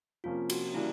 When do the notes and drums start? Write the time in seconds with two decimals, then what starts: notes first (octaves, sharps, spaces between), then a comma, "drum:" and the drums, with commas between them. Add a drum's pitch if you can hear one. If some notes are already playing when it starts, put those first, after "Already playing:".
0.24 C3 F3 A#3 C#4 F4
0.50 F#4, drum: cymbal
0.74 C#3 E3 G3 A#3 D4 E4